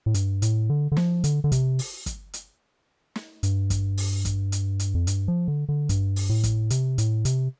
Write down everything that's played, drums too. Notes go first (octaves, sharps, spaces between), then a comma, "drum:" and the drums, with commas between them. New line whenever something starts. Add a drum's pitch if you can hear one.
A2
G2, drum: hi-hat
A2, drum: hi-hat
D3
D3
F3, drum: snare
D3, drum: hi-hat
D3
C3, drum: kick, hi-hat
drum: open hi-hat
drum: kick, hi-hat
drum: hi-hat
drum: snare
G2, drum: hi-hat
drum: kick, hi-hat
drum: open hi-hat
drum: kick, hi-hat
drum: hi-hat
drum: hi-hat
F2
G2, drum: hi-hat
F3
D3
D3
G2, drum: kick, hi-hat
drum: open hi-hat
A2
drum: kick, hi-hat
C3, drum: hi-hat
A2, drum: hi-hat
C3, drum: hi-hat